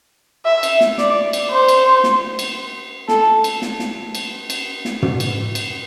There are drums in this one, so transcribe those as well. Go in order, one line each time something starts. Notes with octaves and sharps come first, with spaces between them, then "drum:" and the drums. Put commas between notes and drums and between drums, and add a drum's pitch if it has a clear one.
E5
drum: cymbal
drum: snare
D5, drum: snare
drum: cymbal
C5
drum: cymbal
drum: snare
drum: cymbal
A4, drum: snare
drum: cymbal
drum: snare
drum: snare
drum: cymbal
drum: cymbal
drum: snare
drum: tom
drum: cymbal
drum: cymbal